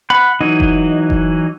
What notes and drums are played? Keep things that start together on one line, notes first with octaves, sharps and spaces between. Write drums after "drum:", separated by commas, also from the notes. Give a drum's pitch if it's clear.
F#5 B5
E3 F#3 D#4
drum: kick F#1
drum: kick F#1